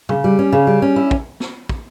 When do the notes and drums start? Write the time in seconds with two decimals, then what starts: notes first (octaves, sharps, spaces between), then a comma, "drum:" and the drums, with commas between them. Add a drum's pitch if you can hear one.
0.09 C#3, drum: tom
0.24 G3
0.39 C#4
0.52 C#3
0.67 G3
0.82 C#4
0.96 E4
1.11 drum: kick
1.40 drum: snare
1.69 drum: kick